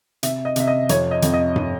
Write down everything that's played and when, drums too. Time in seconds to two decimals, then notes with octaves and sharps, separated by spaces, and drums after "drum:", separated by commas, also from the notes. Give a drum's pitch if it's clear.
0.23 C3 E5, drum: hi-hat
0.45 D#5
0.56 C3 E5, drum: hi-hat
0.67 D#5
0.89 F2 C#5, drum: hi-hat
1.11 D#5
1.22 F2, drum: hi-hat
1.34 D#5
1.56 drum: tom G2